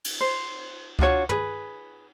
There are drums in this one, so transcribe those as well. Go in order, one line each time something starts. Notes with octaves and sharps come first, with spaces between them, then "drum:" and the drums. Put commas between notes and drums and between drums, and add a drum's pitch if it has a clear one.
drum: cymbal
C5
D4 F4 F#4 C#5, drum: kick C#2
G#4 B4, drum: tom